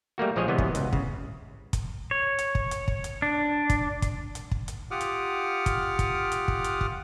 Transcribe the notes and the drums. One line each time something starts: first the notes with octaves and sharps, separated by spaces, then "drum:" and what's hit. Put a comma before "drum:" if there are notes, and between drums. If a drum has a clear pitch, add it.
G3 A3 A#3 F#4
A#1 F3 G#3 G#4 C#5 D#5
C3 E3 F#3 G#3 B3 C#4
drum: kick
C#2, drum: hi-hat
C#3, drum: kick
drum: kick, hi-hat
C#5
drum: hi-hat
drum: kick
drum: hi-hat
drum: kick
drum: hi-hat
D4
drum: kick, hi-hat
drum: kick, hi-hat
drum: hi-hat
drum: kick
drum: hi-hat
F4 G4 F#5 D6 D#6 F6
drum: hi-hat
drum: kick, hi-hat
drum: kick, hi-hat
drum: hi-hat
drum: kick
drum: hi-hat
drum: kick